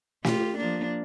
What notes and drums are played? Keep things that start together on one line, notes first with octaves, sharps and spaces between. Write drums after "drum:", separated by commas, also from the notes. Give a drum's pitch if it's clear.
F4 G4, drum: snare
F3 A#3 D4